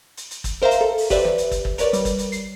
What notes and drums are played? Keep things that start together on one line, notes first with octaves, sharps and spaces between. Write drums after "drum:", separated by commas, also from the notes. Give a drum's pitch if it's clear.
drum: hi-hat
drum: hi-hat
drum: kick, hi-hat
A#4 C5 E5 F5 A#5
drum: hi-hat
A4
drum: open hi-hat
G4 B4 C5 D5 E5, drum: kick, hi-hat
drum: snare
drum: hi-hat
drum: kick, hi-hat
drum: kick
A#4 B4 C#5 D5, drum: hi-hat
G3, drum: hi-hat
drum: kick, hi-hat
drum: hi-hat
C7, drum: hi-hat